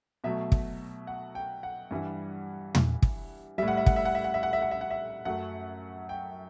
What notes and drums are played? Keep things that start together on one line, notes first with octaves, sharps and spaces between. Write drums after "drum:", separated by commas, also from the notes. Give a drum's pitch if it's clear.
B2 F#3 A3 E5
drum: kick
F#5
G5
F#5
G2 E3 G3
drum: tom
drum: kick
A2 G3 E5
F#5
E5
F#5, drum: kick
E5
F#5
E5
F#5
E5
F#5
E5
F#5
E5
F#5
E5
F#2 F#3 A3 F#5
G5